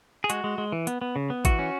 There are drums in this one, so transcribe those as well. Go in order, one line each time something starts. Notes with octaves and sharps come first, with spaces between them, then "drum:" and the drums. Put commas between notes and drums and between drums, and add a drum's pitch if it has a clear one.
G#4
G#3 F#4, drum: hi-hat
G#3
G#3
E3
B3, drum: hi-hat
B3
C#3
B3
E3 F#4, drum: kick A1, hi-hat
C#4